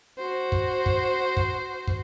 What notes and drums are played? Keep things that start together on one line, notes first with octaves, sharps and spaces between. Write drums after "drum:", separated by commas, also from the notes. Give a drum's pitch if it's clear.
F#4 C5
drum: kick
drum: kick
drum: kick
drum: kick